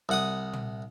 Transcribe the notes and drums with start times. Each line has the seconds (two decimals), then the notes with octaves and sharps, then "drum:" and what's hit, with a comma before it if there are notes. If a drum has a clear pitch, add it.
0.09 C2 F#5 D#6
0.53 drum: tom